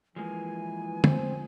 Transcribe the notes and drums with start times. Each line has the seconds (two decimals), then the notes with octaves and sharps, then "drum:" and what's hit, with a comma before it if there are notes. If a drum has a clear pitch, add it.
0.16 E3 F3 G#3 A#3 G#5
1.04 C4, drum: tom